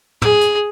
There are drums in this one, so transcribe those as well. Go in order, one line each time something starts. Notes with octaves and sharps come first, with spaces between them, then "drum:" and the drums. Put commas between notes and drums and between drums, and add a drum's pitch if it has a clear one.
G#4, drum: tom
drum: hi-hat